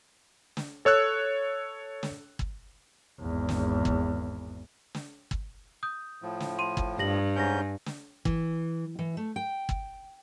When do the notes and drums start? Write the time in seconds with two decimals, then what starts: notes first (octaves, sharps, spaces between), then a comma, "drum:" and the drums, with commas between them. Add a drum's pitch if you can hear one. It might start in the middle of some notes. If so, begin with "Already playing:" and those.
0.57 drum: snare
0.85 A4 C#5 E6 F#6
2.03 drum: snare
2.39 drum: kick
3.20 G#1 E2
3.49 drum: snare
3.85 drum: kick
4.95 drum: snare
5.31 drum: kick
5.83 D#6 G6
6.22 A2 F3
6.40 drum: snare
6.59 C6 D#7
6.77 drum: kick
6.99 G2 G4 A#6 F#7
7.36 G#2 C#4 G#5 G6 A#6
7.86 drum: snare
8.25 E3, drum: kick
8.99 E3
9.17 A3
9.36 G5
9.69 drum: kick